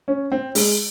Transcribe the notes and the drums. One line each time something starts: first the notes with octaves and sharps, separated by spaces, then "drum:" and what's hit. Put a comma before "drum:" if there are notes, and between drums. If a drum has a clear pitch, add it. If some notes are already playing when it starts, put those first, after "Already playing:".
C#4
C4
G#3, drum: open hi-hat